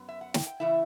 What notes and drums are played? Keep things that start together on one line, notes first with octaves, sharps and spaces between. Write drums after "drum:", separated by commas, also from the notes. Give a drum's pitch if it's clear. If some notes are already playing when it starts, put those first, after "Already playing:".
Already playing: F#2 B3
E5
F#5
G5, drum: snare
G5
C#3 E3 A3 E4 E5